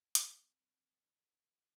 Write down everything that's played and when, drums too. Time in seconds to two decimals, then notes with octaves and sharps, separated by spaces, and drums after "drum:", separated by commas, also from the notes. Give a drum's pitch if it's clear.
0.15 B2 G3 C4, drum: hi-hat
0.99 F2 D3 F3 B3 B4 D5